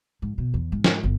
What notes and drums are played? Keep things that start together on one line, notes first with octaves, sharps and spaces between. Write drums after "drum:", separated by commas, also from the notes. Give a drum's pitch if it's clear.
G#2
B2
E2
G#2
drum: snare
G1